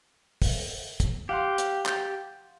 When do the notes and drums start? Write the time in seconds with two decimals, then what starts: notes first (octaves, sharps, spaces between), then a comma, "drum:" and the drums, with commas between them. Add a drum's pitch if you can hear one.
0.42 drum: kick, open hi-hat
1.00 drum: kick, hi-hat
1.29 G4 F5 F#5 C6
1.58 drum: hi-hat
1.86 G6 A6, drum: clap